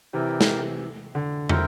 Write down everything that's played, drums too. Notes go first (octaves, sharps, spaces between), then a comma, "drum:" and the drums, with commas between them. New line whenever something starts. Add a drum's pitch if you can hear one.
C3 E3 E4 A#4 D5 G5
drum: snare
D3
C4 E4 A#4 E5 G5, drum: tom